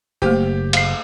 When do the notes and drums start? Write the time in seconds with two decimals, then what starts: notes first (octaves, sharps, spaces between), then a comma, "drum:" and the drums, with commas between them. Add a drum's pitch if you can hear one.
0.22 F#1 A3 A#3 G4 C5
0.73 F5 C7, drum: cymbal